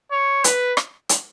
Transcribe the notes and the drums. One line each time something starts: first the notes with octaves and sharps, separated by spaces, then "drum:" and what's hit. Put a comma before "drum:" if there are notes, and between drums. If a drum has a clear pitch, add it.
C#5
B4, drum: hi-hat
drum: rim click
drum: hi-hat